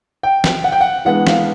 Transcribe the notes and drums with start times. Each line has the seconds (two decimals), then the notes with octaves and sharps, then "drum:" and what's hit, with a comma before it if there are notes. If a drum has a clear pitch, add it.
0.23 G5
0.44 drum: snare
0.64 F#5
0.72 G5
0.81 F#5
1.05 E3 G#3 B3 D4 F#5
1.27 F5, drum: snare